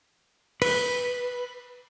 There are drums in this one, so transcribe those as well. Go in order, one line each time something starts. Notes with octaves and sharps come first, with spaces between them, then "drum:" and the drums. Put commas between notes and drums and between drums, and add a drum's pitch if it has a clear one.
B4, drum: cymbal